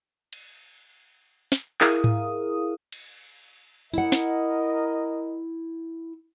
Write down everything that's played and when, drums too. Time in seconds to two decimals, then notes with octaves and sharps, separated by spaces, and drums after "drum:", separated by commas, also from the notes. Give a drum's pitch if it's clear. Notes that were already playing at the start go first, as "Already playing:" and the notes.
0.33 drum: cymbal
1.52 drum: snare
1.81 E4 G#4 A#4 F5 D#6, drum: clap
2.04 drum: tom G#2
2.92 drum: cymbal
3.94 E4 A#4 D#5 F#5, drum: tambourine
4.12 drum: snare